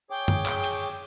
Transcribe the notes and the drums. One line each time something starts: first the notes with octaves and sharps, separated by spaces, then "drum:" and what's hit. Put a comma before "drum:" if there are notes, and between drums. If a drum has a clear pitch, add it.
G#4 C#5 G5 D6
drum: tom F#2
drum: clap
drum: cymbal